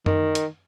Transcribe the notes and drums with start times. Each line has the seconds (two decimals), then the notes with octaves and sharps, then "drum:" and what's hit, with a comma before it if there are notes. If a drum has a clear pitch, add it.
0.06 D#3, drum: tom F#2
0.35 drum: hi-hat